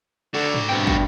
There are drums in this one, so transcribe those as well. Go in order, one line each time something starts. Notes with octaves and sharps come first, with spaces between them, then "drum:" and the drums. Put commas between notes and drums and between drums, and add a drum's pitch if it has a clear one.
D3 F#4 D5
drum: tom G#2
G2 B2 C4 G5
drum: kick